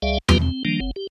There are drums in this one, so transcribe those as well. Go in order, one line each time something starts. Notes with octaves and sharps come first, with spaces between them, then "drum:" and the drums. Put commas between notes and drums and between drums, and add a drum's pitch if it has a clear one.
C#2 G3 G#4 D5 E5 F5
G3 A#3 C4 F4 G4 B4, drum: tom E2
C4
D#3 F3 G3 A#3 D4
F#1 C4
G4